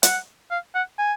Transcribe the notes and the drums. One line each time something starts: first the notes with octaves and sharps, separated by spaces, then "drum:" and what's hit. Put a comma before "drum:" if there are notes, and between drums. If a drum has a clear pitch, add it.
F#5, drum: hi-hat
F5
F#5
G#5